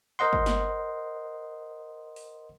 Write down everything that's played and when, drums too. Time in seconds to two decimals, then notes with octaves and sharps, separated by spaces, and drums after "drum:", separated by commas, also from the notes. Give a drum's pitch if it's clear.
0.19 A#4 C5 D#5 F#5 C6
0.33 drum: kick
0.46 drum: snare
2.16 drum: open hi-hat